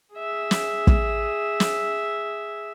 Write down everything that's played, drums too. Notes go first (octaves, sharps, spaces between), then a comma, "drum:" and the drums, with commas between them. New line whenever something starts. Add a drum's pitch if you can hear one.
G#4 E5
drum: snare
drum: kick
drum: snare